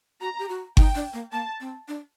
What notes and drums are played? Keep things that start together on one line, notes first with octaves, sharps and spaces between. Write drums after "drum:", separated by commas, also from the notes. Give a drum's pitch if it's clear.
F#4 A#5
G4
F#4
D#4 G5, drum: kick G1
D4
A#3
A#3 A5
C4
D4